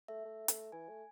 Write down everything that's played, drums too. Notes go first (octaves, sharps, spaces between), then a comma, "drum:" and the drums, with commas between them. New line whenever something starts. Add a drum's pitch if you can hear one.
A3 E5
A3
A3, drum: hi-hat
E3 G#5
A3